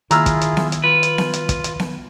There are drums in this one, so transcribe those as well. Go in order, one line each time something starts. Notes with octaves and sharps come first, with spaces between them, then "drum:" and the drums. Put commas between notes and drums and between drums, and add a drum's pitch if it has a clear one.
D#3 E4 F4 G#4 A#5 E6 F6, drum: hi-hat
drum: kick, hi-hat
drum: hi-hat
drum: snare B3
drum: hi-hat
F4 B4
drum: hi-hat
drum: snare B3
drum: hi-hat
drum: kick, hi-hat
drum: hi-hat
drum: snare B3